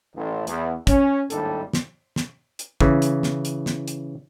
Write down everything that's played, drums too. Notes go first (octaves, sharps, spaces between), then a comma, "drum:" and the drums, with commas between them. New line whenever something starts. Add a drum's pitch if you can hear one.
A1
E2, drum: hi-hat
C#4, drum: kick, hi-hat
G#1 D#2 A2 G3 D4 A4, drum: hi-hat
drum: snare
drum: snare
drum: hi-hat
C#3 E3, drum: kick
drum: hi-hat
drum: snare
drum: hi-hat
drum: snare
drum: hi-hat